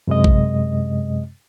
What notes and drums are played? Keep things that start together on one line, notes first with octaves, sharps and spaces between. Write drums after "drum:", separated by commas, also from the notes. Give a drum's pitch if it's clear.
F#2 C3 G#3 D#5
drum: kick